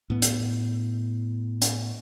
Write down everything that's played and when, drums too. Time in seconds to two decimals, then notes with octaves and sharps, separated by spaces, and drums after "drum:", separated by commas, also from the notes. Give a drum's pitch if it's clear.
0.10 A2 B3
0.22 drum: hi-hat
1.61 drum: hi-hat